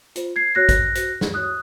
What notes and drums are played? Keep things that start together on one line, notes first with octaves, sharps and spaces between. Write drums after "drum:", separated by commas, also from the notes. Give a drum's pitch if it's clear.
F4 C5, drum: hi-hat
G#6 C7
F#4 C#5 F#6 A#6
drum: kick A1, hi-hat
F#4 C5, drum: hi-hat
drum: snare
F#4 C#5 D#6 F#6